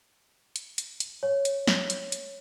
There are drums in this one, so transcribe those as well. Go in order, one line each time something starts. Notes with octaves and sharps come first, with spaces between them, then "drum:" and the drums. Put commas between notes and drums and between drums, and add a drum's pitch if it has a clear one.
drum: hi-hat
drum: hi-hat
drum: hi-hat
C#5
drum: hi-hat
drum: snare
drum: hi-hat
drum: hi-hat